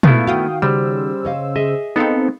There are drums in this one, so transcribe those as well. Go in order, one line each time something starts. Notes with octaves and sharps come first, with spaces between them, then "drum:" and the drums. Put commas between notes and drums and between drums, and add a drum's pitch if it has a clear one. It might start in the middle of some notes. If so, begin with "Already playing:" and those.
G#2 A3 B3 E4 F5, drum: tom
D#3 F#4 F5 G5 D#6
C#3 G3 C5 E6
C#5 D#5 F5
G#4 D#5 E5
B3 C4 D#4 A4 F5